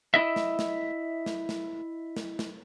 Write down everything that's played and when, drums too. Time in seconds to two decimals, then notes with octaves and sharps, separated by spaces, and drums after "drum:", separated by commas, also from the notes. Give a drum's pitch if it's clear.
0.14 E4 D#5 E5
0.36 drum: snare
0.59 drum: snare
1.26 drum: snare
1.49 drum: snare
2.16 drum: snare
2.39 drum: snare